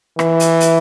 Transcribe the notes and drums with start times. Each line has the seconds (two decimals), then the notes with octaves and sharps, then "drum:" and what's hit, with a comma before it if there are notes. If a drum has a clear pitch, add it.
0.19 E3, drum: rim click
0.40 drum: hi-hat
0.60 drum: hi-hat